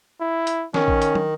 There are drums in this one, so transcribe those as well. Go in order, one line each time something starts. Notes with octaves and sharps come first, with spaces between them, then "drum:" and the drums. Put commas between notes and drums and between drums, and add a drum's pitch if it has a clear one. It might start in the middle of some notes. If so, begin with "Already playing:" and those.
E4
drum: hi-hat
D#3 C#4, drum: snare
drum: kick A1
drum: hi-hat
drum: tom